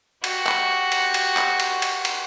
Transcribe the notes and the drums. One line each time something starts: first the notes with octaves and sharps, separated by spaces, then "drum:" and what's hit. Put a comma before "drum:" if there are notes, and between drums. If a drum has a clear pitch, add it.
F#4 G4, drum: cymbal
drum: clap
drum: cymbal
drum: cymbal
drum: clap
drum: cymbal
drum: cymbal
drum: cymbal